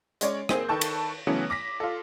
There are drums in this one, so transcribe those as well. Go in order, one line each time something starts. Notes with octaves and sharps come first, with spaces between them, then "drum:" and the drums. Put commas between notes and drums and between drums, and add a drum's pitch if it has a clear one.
G#3 C#4 C#5 D5, drum: hi-hat
A#3 C4 G#4, drum: rim click
D#3 A4 B4 A5 C#6 G6
drum: cymbal
C#3 E3 F#3 A3 B3 C#4
D6 A#6 B6
F4 A4